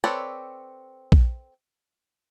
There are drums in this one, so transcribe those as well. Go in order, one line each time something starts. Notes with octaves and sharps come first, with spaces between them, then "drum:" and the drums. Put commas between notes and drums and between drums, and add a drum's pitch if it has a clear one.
C4 A4 B4 C#5 D5
drum: kick A#1